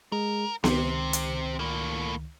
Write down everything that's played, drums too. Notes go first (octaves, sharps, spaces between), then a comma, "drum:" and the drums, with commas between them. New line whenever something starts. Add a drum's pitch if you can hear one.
G#3 G#4 A#4
C#2 C3 D#3 C4, drum: snare B3
drum: hi-hat
A2 A#3